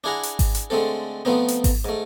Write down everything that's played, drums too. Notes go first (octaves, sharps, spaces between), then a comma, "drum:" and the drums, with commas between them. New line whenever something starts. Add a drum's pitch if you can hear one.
D4 E4 G#4 F#5 A#5
drum: hi-hat
drum: kick G#1, open hi-hat
drum: hi-hat
D3 G#3 A3 C4 A4
F3 A3 B3 C4 D#4
drum: hi-hat
drum: kick G#1, open hi-hat
G#2 A3